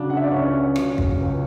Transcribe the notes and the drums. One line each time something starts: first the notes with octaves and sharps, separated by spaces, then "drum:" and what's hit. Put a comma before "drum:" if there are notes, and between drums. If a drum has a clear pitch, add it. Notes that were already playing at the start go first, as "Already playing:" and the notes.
Already playing: C#3 F#3 D4
F#5
E5
D5
C#2 C#4 C#5
C#3 F#3, drum: rim click
drum: kick
C#2